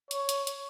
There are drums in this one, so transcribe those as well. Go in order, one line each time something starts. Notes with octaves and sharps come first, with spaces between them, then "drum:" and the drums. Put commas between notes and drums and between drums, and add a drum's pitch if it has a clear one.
C#5, drum: hi-hat
drum: hi-hat
drum: hi-hat